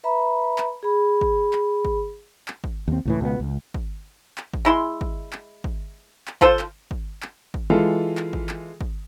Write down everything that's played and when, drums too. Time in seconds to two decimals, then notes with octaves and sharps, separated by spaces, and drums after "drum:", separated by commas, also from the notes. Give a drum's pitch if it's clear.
0.04 B4 E5 A#5 B5
0.58 drum: clap
0.83 G#4 B5
1.21 drum: kick
1.53 drum: clap
1.85 drum: kick
2.48 drum: clap
2.64 drum: kick
2.88 D#2 C4
3.05 C#2 A2 E3
3.21 C#2 B2 F3 B3
3.40 C#2
3.74 drum: kick
4.38 drum: clap
4.54 drum: kick
4.65 G#3 E4 C6
5.01 drum: kick
5.33 drum: clap
5.64 drum: kick
6.28 drum: clap
6.41 F3 F4 A4 C5, drum: kick
6.59 drum: clap
6.91 drum: kick
7.22 drum: clap
7.54 drum: kick
7.70 E3 G#3 F4 A4
8.17 drum: clap
8.33 drum: kick
8.49 drum: clap
8.81 drum: kick